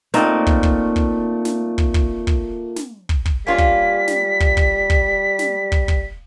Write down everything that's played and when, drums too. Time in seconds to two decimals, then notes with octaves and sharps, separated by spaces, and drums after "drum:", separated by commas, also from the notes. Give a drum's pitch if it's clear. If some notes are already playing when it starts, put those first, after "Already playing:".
0.14 A#2 A3 C4 D#4, drum: snare
0.47 drum: kick
0.63 drum: kick
0.96 drum: kick
1.45 drum: snare
1.78 drum: kick
1.94 drum: kick
2.27 drum: kick
2.76 drum: snare
3.09 drum: kick
3.26 drum: kick
3.47 G3 A#3 C#4 F4 B6
3.58 drum: kick
4.08 drum: snare
4.40 drum: kick
4.57 drum: kick
4.90 drum: kick
5.39 drum: snare
5.72 drum: kick
5.88 drum: kick